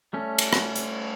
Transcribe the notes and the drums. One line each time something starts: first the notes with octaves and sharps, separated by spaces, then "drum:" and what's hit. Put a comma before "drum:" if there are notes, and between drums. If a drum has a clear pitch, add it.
G3 A3 C#4
drum: cymbal
drum: rim click
drum: hi-hat